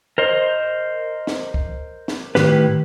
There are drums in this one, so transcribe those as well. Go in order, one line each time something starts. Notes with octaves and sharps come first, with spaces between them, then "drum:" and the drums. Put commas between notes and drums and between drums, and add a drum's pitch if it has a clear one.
A#4 C5 D#5
drum: snare
drum: kick
drum: snare
A2 D#3 G4 B4, drum: snare